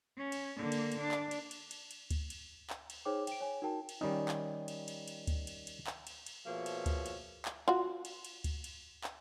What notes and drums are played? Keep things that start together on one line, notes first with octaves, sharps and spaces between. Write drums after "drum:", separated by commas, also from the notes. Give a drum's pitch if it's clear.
C#4
drum: cymbal
D3 A#3
drum: cymbal
drum: cymbal
D4
drum: clap
drum: cymbal
drum: cymbal
drum: cymbal
drum: cymbal
drum: kick D2, cymbal
drum: cymbal
drum: clap
drum: cymbal
D#4 G#4 C5 C#5 G5 D6
G5 D7, drum: cymbal
C#5 G#5
D#4 F#4 A#4 G5 A5
drum: cymbal
D#3 G3 C#4 D#4
drum: clap
drum: cymbal
drum: cymbal
drum: cymbal
drum: kick D2, cymbal
drum: cymbal
drum: cymbal
drum: clap
drum: cymbal
drum: cymbal
B2 F3 A#3 G#4 C#5 E5
drum: cymbal
drum: kick D2, cymbal
drum: cymbal
drum: clap
F4 F#4
drum: cymbal
drum: cymbal
drum: kick D2, cymbal
drum: cymbal
drum: clap